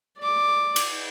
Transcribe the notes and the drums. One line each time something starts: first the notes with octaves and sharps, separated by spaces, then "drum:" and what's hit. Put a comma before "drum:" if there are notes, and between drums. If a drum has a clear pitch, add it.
D5 D6
drum: cymbal